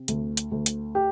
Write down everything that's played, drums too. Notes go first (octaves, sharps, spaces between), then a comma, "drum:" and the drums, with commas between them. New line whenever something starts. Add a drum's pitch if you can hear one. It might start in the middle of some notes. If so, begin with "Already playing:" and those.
Already playing: C3
D2, drum: hi-hat
drum: hi-hat
D2
drum: hi-hat
G4